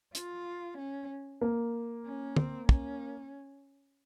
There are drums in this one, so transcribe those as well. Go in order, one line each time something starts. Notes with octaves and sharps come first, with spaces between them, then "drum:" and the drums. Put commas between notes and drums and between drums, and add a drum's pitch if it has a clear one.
F4, drum: hi-hat
C#4
A#3
C#4
C4, drum: tom
C#4, drum: kick